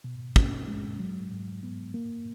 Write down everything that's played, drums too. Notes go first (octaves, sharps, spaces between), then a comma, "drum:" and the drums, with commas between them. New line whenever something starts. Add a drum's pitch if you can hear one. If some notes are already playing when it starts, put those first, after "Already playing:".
B2
C#4, drum: kick
G#3
F#3
G#2
B3
A#3